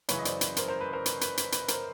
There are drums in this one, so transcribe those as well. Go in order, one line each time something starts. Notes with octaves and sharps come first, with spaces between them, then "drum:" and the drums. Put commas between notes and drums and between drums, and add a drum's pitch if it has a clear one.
F#2 C#3 E3 B4 C#5, drum: hi-hat
D#5
C5 D5, drum: hi-hat
B4, drum: hi-hat
A#4 C5, drum: hi-hat
A#4 C5
B4
A#4 C5
B4, drum: hi-hat
B4, drum: hi-hat
B4, drum: hi-hat
B4, drum: hi-hat
A#4 C5, drum: hi-hat